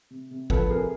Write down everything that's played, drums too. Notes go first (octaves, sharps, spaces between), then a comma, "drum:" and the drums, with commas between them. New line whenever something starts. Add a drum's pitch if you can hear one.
C3
C3
F3 A4 B4, drum: kick
C3 G#4 A#4